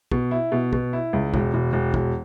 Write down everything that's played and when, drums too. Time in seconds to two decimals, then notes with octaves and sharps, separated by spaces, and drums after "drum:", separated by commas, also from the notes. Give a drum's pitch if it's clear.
0.11 B2, drum: kick
0.31 E4
0.52 B2
0.73 B2, drum: kick
0.93 E4
1.13 C#2
1.34 E1, drum: kick
1.54 E1
1.73 E1
1.94 E1, drum: kick